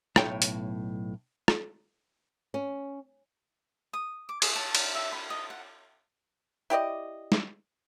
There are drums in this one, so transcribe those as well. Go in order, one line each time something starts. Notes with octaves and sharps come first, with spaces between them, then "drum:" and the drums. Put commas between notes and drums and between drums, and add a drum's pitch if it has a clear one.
B1 A2 C#5 G5, drum: rim click
drum: hi-hat
drum: rim click
C#4
D#6
D6
G#4, drum: cymbal
A5
A#4, drum: cymbal
E5
B5
D#5
F#5
E4 G4 D5 D#5
drum: snare